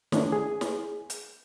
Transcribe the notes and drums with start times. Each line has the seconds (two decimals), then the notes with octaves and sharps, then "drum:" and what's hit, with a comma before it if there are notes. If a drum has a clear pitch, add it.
0.12 D#3 A3 C#4 D4 E4, drum: snare
0.32 G#4
0.61 drum: snare
1.10 drum: hi-hat